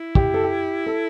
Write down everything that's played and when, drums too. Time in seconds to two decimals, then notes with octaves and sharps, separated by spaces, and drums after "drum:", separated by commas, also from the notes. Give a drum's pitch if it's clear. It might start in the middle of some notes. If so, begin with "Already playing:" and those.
Already playing: E4
0.15 G4, drum: kick
0.34 A4
0.44 G4
0.86 A4